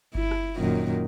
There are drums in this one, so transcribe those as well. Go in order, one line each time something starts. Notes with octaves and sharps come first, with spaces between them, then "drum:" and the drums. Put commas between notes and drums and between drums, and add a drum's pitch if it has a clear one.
E4, drum: kick G1
drum: rim click
F#2 A#2 D#3